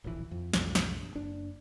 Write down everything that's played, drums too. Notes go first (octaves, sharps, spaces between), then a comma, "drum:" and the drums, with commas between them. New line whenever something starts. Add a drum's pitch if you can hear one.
D1 A#1 A#2 E3
F2
B1 F2 G#2, drum: snare
drum: snare
G2
F#1 D4